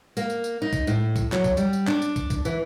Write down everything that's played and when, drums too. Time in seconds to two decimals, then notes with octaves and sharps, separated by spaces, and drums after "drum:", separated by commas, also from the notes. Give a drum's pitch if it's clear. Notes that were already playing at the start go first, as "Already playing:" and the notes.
0.17 A#3, drum: tambourine
0.30 drum: tambourine
0.44 drum: tambourine
0.62 D#4
0.73 drum: kick, tambourine
0.87 A2, drum: tambourine
1.16 drum: kick, tambourine
1.32 F#3, drum: clap
1.44 drum: kick, tambourine
1.57 G3, drum: tambourine
1.73 drum: tambourine
1.87 D4, drum: clap
2.02 drum: tambourine
2.16 drum: kick, tambourine
2.30 drum: kick, tambourine
2.45 E3, drum: tambourine